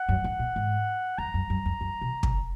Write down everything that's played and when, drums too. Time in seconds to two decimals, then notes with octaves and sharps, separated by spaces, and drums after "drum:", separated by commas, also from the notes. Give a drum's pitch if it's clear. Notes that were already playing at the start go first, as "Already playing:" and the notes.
Already playing: F#5
0.09 F#2
0.24 G#2
0.39 A#2
0.56 G#2
1.18 F2 A#5
1.34 F#2
1.50 F#2
1.66 F2
1.81 F#2
2.02 B2
2.23 B2, drum: kick